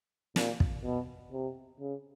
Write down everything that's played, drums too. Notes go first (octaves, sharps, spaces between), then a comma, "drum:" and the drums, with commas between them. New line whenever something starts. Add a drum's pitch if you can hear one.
A#2, drum: snare
drum: kick
B2
C3
C#3